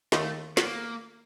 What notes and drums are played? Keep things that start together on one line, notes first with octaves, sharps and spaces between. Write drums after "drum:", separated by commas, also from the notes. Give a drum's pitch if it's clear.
D#2 D#3 A3, drum: snare
B3, drum: snare
A#3